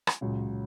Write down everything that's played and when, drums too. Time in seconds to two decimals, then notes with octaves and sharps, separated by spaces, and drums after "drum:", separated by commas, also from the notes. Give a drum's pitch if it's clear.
0.07 drum: rim click
0.21 C#2 A#2 C#3 F#3
0.50 A#2